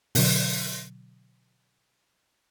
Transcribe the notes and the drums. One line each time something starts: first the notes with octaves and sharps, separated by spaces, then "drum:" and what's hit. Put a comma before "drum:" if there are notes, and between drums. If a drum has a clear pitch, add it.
B2 D3 F#3, drum: open hi-hat